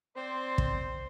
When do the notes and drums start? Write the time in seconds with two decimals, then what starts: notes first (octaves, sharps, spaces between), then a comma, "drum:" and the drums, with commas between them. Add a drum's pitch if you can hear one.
0.16 C4 C5 D5
0.58 drum: kick